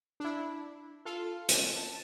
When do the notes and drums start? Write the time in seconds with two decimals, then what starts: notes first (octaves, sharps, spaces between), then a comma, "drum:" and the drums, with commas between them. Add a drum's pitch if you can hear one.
0.20 D4 E4
1.05 F4 A4 F5
1.49 drum: hi-hat
1.76 A5